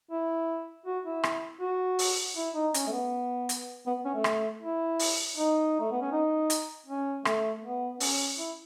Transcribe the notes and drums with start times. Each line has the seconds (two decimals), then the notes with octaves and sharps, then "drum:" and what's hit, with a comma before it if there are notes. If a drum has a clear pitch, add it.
0.11 E4
0.86 F#4
1.04 E4
1.23 drum: rim click
1.61 F#4
1.99 drum: open hi-hat
2.36 E4
2.55 D#4
2.74 C#4, drum: hi-hat
2.87 A3
2.92 B3
3.49 drum: hi-hat
3.87 B3
4.05 C#4
4.15 A3
4.24 drum: rim click
4.62 E4
4.99 drum: open hi-hat
5.37 D#4
5.80 A3
5.92 B3
6.01 C#4
6.12 D#4
6.50 drum: hi-hat
6.87 C#4
7.25 A3, drum: rim click
7.63 B3
8.00 C#4, drum: open hi-hat
8.38 E4